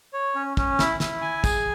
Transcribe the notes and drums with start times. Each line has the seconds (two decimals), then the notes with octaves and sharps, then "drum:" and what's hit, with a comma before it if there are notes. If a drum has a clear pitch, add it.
0.13 C#5
0.35 C#4
0.57 C#4, drum: kick
0.79 E4, drum: snare
1.00 E4, drum: snare
1.22 G#5
1.44 G#4, drum: kick, tambourine